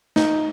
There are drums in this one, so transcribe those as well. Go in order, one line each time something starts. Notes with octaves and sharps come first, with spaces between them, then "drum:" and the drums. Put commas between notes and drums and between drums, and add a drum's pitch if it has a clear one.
D#4, drum: snare